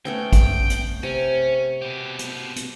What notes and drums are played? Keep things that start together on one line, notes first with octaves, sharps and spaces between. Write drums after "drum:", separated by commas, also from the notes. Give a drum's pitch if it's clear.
A3 B3 C#4 G5
drum: kick A1, hi-hat
drum: hi-hat
C3 C#4
B2 G4
drum: hi-hat
drum: hi-hat